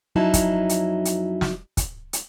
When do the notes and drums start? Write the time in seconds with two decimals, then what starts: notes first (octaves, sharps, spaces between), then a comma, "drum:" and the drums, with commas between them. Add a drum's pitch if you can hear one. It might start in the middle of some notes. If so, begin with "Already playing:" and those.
0.16 F2 F#3 C#4 D#4 E4 A5
0.34 drum: kick, hi-hat
0.69 drum: hi-hat
1.05 drum: hi-hat
1.41 drum: snare
1.77 drum: kick, hi-hat
2.13 drum: hi-hat